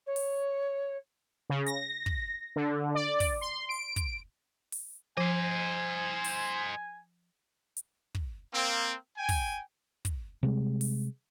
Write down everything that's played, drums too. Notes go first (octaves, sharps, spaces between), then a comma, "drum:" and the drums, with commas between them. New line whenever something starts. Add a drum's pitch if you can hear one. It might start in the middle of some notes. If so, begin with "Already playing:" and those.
C#5
drum: open hi-hat
C#3
A#6, drum: hi-hat
drum: kick
D3
D5
drum: kick, open hi-hat
C6
D7
drum: kick, hi-hat
drum: open hi-hat
F3 C5 D#5 G#5
drum: open hi-hat
drum: hi-hat
drum: kick
A#3 C4
G5 G#5
drum: kick, open hi-hat
drum: kick, hi-hat
C3 G3 G#3
drum: open hi-hat